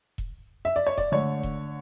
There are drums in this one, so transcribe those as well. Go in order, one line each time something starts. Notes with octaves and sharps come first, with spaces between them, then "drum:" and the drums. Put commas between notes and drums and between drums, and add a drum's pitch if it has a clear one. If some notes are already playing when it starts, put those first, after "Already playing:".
drum: kick E1
E5
D5
C#5
D5, drum: kick E1
D3 A3 C#5
drum: kick E1